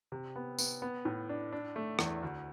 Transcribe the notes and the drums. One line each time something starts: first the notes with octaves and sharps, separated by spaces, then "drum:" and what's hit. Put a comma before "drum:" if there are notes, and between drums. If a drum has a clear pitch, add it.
C3
B3
B3, drum: tambourine
B3
A2
D4
D4
A3
E2, drum: rim click
D2